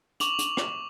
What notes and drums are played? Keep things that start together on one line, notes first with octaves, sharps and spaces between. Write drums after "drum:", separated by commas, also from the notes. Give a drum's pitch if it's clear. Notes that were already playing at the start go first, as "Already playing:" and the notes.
C#6 D6 F7 F#7, drum: hi-hat
drum: hi-hat
drum: rim click